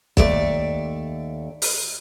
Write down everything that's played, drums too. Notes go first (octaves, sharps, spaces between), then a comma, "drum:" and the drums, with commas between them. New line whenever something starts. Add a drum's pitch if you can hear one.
D#2 A3 D5, drum: kick
drum: open hi-hat